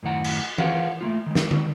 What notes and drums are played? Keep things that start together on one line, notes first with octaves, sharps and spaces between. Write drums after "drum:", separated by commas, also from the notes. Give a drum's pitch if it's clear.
F#2 A2 D#3 F#5 A#5
drum: cymbal
F4 G#4 A#4 B4 F5 F#5, drum: tom E3
A3 A#3 F4
D#3 G#3
drum: snare
drum: tom D3